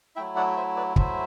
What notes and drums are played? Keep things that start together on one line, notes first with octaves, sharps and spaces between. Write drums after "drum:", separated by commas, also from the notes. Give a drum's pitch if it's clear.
F#3 A3 E4 E5 G5
D5 F#5
C5 E5
B4 D5
F#3 A3 E4 C5 E5, drum: kick